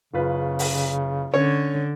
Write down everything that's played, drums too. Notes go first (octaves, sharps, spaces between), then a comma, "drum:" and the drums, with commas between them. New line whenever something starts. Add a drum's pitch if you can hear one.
F#1 C#3 F4 B4
drum: open hi-hat
D3 C#4 C#5